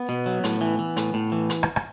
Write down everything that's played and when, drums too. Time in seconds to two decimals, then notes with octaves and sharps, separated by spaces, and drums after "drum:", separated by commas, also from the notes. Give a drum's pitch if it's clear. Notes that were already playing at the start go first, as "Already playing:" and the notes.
Already playing: B3
0.09 B2
0.26 F#3
0.44 A2, drum: hi-hat
0.61 E3
0.79 E3
0.97 A2, drum: hi-hat
1.14 A2
1.32 E3
1.50 drum: hi-hat
1.63 drum: rim click
1.76 drum: rim click